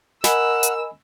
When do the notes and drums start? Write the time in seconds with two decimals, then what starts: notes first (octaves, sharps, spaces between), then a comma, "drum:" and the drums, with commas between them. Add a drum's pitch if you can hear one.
0.24 A#4 D#5 F#5 G#5 B5 E6, drum: snare
0.63 drum: hi-hat